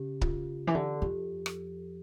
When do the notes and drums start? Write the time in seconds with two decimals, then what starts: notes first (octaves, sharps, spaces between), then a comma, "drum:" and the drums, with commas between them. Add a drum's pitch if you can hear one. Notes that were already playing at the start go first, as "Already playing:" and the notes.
Already playing: C#3 G4
0.21 F4, drum: kick C#1
0.67 E3
0.75 D3 G4
0.96 A4
1.02 F2 G4
1.46 drum: rim click